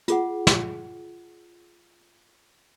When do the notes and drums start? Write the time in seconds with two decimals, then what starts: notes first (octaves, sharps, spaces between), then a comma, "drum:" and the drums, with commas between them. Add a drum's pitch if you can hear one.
0.08 F4 G#4 F#5, drum: hi-hat
0.47 drum: snare